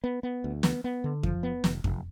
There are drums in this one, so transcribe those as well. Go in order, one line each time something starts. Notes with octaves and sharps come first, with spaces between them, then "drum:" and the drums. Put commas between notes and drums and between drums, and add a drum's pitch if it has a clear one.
B3
B3
D2
B3, drum: snare
B3
D3
F3, drum: kick F2
B3
F1, drum: snare
F1, drum: kick F2